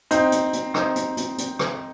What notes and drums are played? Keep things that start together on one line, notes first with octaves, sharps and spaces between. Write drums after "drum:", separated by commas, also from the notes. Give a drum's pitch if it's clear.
C4 D#4, drum: hi-hat
drum: hi-hat
drum: hi-hat
C4 D#4, drum: rim click
drum: hi-hat
drum: hi-hat
drum: hi-hat
drum: rim click